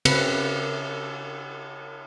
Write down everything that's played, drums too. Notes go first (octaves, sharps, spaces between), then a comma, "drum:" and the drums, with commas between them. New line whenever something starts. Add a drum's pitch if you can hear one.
C#3 C4 B4, drum: cymbal